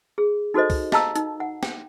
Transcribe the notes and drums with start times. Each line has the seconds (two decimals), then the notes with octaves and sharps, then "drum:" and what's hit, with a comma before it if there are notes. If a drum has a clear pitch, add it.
0.18 G#4
0.54 D#4 F#4 A4 C5 D#5
0.70 drum: kick C2, open hi-hat
0.92 D#5 F5 A5 A#5 E6, drum: snare
1.16 D#4, drum: hi-hat
1.40 F#5
1.63 G5, drum: snare